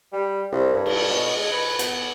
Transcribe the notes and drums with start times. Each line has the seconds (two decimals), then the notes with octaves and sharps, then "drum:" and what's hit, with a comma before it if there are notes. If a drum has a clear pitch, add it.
0.13 G3
0.52 C2
0.74 G2
0.86 drum: cymbal
1.10 B2
1.36 G#3
1.52 B4
1.79 B3, drum: hi-hat